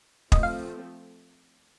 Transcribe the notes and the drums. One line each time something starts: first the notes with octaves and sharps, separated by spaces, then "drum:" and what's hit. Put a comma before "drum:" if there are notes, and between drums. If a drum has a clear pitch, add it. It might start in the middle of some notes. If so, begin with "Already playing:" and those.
F3 A3 C4 D#5, drum: kick
F5